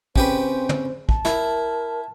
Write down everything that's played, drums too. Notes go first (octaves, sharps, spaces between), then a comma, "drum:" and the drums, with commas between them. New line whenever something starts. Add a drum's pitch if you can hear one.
C#3 C4 G4 B4 C5, drum: kick
drum: tom
A5, drum: kick
E4 A#4, drum: snare